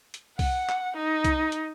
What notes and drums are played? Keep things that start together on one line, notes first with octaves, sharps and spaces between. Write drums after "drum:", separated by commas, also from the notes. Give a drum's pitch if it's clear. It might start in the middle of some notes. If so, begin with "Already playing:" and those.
drum: hi-hat
F#5, drum: kick C2, open hi-hat
drum: clap
D#4
drum: kick C2, hi-hat
drum: hi-hat